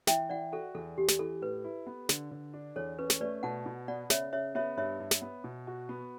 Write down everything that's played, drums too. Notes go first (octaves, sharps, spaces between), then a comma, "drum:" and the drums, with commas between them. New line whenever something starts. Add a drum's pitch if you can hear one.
E3 E5 G5, drum: snare
E3 D5 F#5
F#4 A4
E2 A4
E2 G4
drum: snare
E3 A4
A2 B4
E4
B3
D3, drum: snare
D3
D4
E2 A4 C#5
C#4 B4
drum: snare
A3 B4 D5
B2 F#5 A5
B2
B3 D5 F#5
C#3 C#5 E5, drum: snare
C#3 C#5 E5
B3 C#5 E5
G2 C#5 E5
G2
drum: snare
B3
B2
F#4
B3